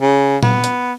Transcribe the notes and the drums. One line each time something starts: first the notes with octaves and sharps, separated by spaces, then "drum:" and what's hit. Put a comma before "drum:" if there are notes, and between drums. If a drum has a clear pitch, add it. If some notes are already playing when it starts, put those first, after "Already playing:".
C#3
B3, drum: tom A#2
drum: hi-hat